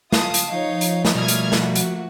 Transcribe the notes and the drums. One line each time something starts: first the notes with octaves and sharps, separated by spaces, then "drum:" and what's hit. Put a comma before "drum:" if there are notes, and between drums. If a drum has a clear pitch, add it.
F4 F5 A5 D#6, drum: snare
drum: hi-hat
F3 D#4 C#5 F5
drum: hi-hat
drum: snare
B2 G3 A3 A#3 E5 D#6 F6 G#6
drum: hi-hat
F#4, drum: snare
drum: hi-hat